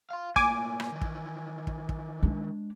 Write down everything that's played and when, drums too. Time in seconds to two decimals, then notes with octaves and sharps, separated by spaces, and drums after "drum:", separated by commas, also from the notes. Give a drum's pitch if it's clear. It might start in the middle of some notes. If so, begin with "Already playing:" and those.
0.10 F5 C6
0.36 A2 A#3 G#5 D6, drum: kick
0.80 drum: rim click
0.92 D#3 E3
1.01 drum: kick
1.67 drum: kick
1.89 drum: kick
2.23 G#3 D4